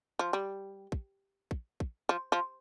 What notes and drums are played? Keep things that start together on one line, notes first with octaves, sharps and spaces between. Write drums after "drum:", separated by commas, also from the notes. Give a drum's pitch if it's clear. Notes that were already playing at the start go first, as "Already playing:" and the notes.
F3
G3
drum: kick
drum: kick
drum: kick
F3
F3